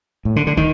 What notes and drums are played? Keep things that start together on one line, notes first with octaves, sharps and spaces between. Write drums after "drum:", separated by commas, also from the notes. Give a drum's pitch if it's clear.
A2
D3
D3
D#3, drum: kick